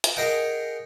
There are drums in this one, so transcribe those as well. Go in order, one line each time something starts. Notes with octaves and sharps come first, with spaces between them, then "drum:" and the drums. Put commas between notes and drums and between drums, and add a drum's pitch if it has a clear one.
drum: hi-hat
G#4 A#4 D#5 F#5 G5